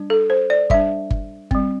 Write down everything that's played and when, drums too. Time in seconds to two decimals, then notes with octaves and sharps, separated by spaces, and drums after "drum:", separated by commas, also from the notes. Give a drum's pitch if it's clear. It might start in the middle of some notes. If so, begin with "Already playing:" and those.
Already playing: G3 D4
0.10 A4
0.30 C5
0.50 D5
0.70 G3 D4 E5, drum: kick G1
1.11 drum: kick G1
1.51 G3 C4, drum: kick G1